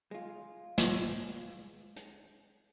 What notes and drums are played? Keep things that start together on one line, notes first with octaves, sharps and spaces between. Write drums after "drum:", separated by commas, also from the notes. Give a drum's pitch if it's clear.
G#3 F4
drum: snare
drum: hi-hat